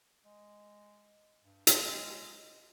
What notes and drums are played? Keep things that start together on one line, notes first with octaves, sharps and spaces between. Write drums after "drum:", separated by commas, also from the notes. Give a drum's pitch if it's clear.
G#3
G2
C4, drum: hi-hat
G#3